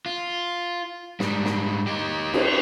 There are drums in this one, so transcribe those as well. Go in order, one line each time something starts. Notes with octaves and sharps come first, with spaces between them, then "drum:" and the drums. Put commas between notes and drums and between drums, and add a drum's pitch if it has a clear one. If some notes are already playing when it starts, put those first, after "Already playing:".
F4
G#2 G3, drum: snare
drum: snare
D#4 G4
drum: cymbal